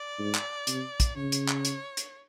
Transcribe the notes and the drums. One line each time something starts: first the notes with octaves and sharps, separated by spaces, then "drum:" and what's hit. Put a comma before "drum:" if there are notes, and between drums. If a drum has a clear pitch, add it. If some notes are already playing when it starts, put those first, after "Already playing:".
Already playing: D5
G#2
drum: clap
C3, drum: hi-hat
drum: kick, hi-hat
C#3 C#5
drum: hi-hat
drum: clap
drum: hi-hat
drum: hi-hat